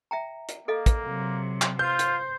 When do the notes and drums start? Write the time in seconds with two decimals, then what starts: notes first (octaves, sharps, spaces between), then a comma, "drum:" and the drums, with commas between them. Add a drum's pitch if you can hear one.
0.11 E5 G5 A#5
0.49 drum: hi-hat
0.68 A#3 A4 D#5 F5
0.86 drum: kick, hi-hat
1.05 C3 F#3
1.62 drum: clap
1.79 F4 B4 C5 G6
1.99 drum: hi-hat